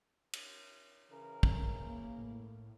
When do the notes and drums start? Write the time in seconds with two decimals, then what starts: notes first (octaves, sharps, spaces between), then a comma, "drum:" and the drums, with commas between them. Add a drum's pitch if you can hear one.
0.33 drum: cymbal
1.10 C#3 E3 A#4
1.43 drum: kick
1.80 A#3
2.18 A2